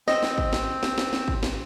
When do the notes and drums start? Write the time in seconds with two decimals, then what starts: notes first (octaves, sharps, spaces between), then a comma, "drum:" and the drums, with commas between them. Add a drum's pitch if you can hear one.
0.08 C4 D#5, drum: snare
0.23 drum: snare
0.38 drum: kick
0.53 drum: snare
0.83 drum: snare
0.98 drum: snare
1.13 drum: snare
1.28 drum: kick
1.43 drum: snare